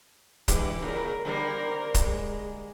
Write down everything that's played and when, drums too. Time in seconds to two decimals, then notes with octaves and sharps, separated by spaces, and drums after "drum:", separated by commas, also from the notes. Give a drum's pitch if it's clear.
0.48 D3 E3 G#3 G4, drum: kick, hi-hat
0.82 A#2 C#3 A#4
1.25 D3 G3 A#3 A#4 C5
1.94 drum: kick, hi-hat
2.04 G#3